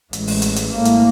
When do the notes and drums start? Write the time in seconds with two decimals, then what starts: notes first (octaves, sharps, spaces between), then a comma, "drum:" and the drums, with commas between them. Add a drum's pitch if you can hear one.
0.13 A1 G#3, drum: hi-hat
0.27 drum: open hi-hat
0.42 drum: hi-hat
0.56 drum: hi-hat
0.74 A2 A#3
0.85 drum: hi-hat